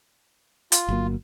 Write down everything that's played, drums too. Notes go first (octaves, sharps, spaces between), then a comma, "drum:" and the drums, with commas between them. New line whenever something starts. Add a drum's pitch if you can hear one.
F4, drum: hi-hat
G1 F#3 A#3